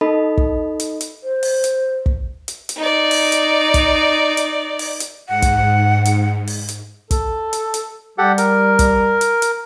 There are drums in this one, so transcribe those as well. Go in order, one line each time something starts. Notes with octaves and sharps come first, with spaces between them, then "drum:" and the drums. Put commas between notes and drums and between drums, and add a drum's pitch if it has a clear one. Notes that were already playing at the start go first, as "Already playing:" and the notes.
D#4 A4 D#5 B5
drum: kick
drum: hi-hat
drum: hi-hat
C5
drum: open hi-hat
drum: hi-hat
drum: kick
drum: hi-hat
drum: hi-hat
D#4 D5
drum: open hi-hat
drum: hi-hat
drum: kick, hi-hat
drum: hi-hat
drum: open hi-hat
drum: hi-hat
G#2 F#5
drum: kick, hi-hat
drum: hi-hat
drum: open hi-hat
drum: hi-hat
A4, drum: kick, hi-hat
drum: hi-hat
drum: hi-hat
G3 G4 A4 F#5
A#4, drum: hi-hat
drum: kick, hi-hat
drum: hi-hat
drum: hi-hat